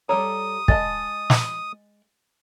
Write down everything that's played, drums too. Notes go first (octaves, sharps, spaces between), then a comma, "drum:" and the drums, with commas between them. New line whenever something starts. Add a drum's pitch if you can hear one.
G3 A4 C#5 A#5 D#6
G#3 D#5 A5 A6, drum: kick
drum: snare